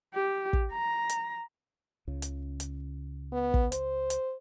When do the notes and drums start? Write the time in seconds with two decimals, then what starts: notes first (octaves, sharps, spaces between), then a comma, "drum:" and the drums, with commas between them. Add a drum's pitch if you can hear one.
0.14 G4
0.53 drum: kick
0.72 A#5
1.09 drum: hi-hat
2.07 C#2 C#3
2.22 drum: hi-hat
2.60 drum: hi-hat
3.33 B3
3.54 drum: kick
3.72 C5, drum: hi-hat
4.10 drum: hi-hat